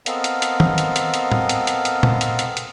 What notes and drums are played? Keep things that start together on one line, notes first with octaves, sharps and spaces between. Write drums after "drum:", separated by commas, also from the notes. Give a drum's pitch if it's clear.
B3 C4 A4 A#4 D#5 F5, drum: hi-hat
drum: hi-hat
drum: hi-hat
drum: tom D#3
drum: hi-hat
drum: hi-hat
drum: hi-hat
drum: tom A2
drum: hi-hat
drum: hi-hat
drum: hi-hat
drum: tom
drum: hi-hat
drum: hi-hat
drum: hi-hat